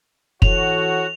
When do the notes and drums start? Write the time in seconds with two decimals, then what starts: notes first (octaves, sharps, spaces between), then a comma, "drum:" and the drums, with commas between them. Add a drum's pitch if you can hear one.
0.42 E3 F#4 A4 C#5 F7, drum: kick